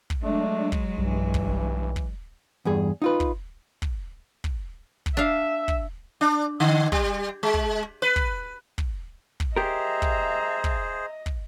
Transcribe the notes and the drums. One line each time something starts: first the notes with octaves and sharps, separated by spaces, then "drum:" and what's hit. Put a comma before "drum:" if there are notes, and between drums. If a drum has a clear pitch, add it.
drum: kick
F#3 G#3 A3 D4
drum: kick
B1 G2 E3
drum: kick
drum: kick
E2 G2 G#4
D#4 F4 B4
drum: kick
drum: kick
drum: kick
drum: kick
D4 E5 F5
drum: kick
D4
D3
G3, drum: kick
G#3
drum: kick
B4
drum: kick
drum: kick
drum: kick
G4 G#4 A#4 C5 D#5 E5 A#5
drum: kick
drum: kick
drum: kick